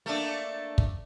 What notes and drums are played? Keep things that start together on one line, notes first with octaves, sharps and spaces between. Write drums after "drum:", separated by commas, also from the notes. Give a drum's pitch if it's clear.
A3 A#3 D4
drum: kick